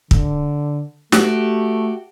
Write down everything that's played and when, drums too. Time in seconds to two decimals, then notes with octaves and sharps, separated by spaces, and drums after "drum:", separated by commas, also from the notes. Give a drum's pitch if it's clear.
0.11 D3, drum: kick
1.12 A3 F#4 G4, drum: snare